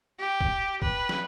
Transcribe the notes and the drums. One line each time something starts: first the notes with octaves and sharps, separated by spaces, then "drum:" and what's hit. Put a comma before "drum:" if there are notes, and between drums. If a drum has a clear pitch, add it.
G4
drum: kick
B4, drum: kick
drum: snare